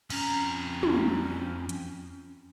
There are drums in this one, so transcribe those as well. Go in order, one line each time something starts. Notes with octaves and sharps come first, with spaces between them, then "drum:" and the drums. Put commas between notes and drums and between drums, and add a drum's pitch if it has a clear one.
F2 C#4 A#5, drum: cymbal
drum: tom
drum: hi-hat